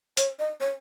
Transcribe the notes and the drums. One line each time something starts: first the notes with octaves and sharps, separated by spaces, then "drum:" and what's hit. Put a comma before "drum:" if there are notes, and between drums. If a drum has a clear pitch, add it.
C#5, drum: hi-hat
D#5
C#5